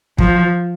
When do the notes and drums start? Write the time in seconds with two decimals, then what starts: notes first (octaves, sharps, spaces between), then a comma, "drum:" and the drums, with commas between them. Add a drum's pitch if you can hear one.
0.18 F3, drum: kick